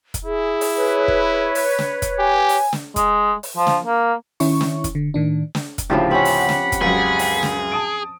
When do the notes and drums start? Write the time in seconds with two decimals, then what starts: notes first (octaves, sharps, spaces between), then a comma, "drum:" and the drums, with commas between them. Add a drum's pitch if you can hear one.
0.14 drum: kick, hi-hat
0.25 E4 G#4
0.61 drum: open hi-hat
0.76 B4 C#5
1.08 drum: kick
1.55 drum: open hi-hat
1.79 drum: snare
2.02 drum: kick, hi-hat
2.19 G4 G#5
2.49 drum: open hi-hat
2.73 drum: snare
2.96 G#3, drum: kick, hi-hat
3.43 drum: open hi-hat
3.57 F3
3.67 drum: snare
3.84 A#3
4.40 D#3 C#4 E4 C#6, drum: open hi-hat
4.61 drum: snare
4.84 drum: kick, hi-hat
4.95 D3
5.14 A2 D#3 D4
5.55 drum: snare
5.78 drum: kick, hi-hat
5.90 D2 A2 C#3 F3 F4 G4
6.11 C4 C#4 G4 F#5 B5
6.25 drum: open hi-hat
6.49 drum: snare
6.72 drum: kick, hi-hat
6.81 C#2 F#2 G#4
7.19 drum: open hi-hat
7.43 drum: snare
7.72 A5 D#6 D7